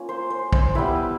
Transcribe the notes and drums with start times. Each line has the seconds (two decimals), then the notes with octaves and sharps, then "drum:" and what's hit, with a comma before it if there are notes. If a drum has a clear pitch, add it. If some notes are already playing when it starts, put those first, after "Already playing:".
Already playing: A#3 C#4 F4
0.09 C5
0.30 C5
0.53 C5, drum: kick
0.75 G3 B3 E4 B4